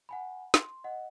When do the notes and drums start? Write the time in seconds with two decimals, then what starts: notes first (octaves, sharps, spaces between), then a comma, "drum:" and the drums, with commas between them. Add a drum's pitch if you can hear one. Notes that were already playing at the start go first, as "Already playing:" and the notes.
0.09 F#5 G#5 B5
0.54 C6, drum: snare
0.84 D#5 F#5